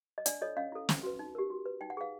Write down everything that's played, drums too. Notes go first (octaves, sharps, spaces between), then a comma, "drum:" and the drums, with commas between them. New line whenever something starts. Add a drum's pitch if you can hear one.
D#5
D4 D5, drum: hi-hat
F4 A4 C#5 D#5
C#4 D#5 F5
E4 A4
C#4, drum: snare
F#4 B4
D#4
G4 A#4
F#4
B4
D#4 G5
F#5
G#4 B4 F5